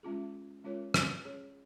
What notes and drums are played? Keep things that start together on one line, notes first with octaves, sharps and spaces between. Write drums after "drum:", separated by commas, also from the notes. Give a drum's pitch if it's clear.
G#3 C#4 F4 G#4
G#3 C#4 F4 A#4 C#5
drum: rim click
C#4 G#4 C#5